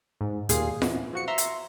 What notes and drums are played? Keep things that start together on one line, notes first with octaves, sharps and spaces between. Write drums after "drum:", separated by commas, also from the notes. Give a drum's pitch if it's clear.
G#2
D#2 A#2 G3 F4 G#4 C7, drum: hi-hat
E3, drum: snare F4
F3 F#4 C#7
E5 A#5 C6
drum: hi-hat